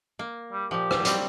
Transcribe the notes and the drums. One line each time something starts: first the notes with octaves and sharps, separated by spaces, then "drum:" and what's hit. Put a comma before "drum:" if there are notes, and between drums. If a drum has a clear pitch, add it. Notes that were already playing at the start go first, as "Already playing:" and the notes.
A#3
G3
A#2 F3 G4
drum: rim click
F#3 G3 C4, drum: hi-hat